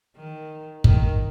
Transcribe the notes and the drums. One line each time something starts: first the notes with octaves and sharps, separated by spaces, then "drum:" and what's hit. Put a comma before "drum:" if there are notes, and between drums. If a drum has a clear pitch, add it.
D#3
D#3, drum: kick